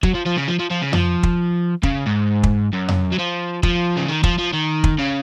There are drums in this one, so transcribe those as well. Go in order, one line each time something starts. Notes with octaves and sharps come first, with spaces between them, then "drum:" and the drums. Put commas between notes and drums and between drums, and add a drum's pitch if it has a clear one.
F#3, drum: kick
F3
F3
C#3
F3
F3
F3
C#3
F3, drum: tom F2
drum: kick
C#3, drum: kick
G#2
drum: kick
F#2
drum: tom F2
F#3
F3
F3, drum: kick
C#3
D#3
F3, drum: kick
F3
D#3
drum: kick
C#3